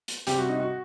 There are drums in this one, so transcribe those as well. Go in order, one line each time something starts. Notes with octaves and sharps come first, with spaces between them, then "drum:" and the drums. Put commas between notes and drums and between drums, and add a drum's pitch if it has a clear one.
drum: hi-hat
C3 G3 C4 G4, drum: hi-hat
F#4
D#4
F#4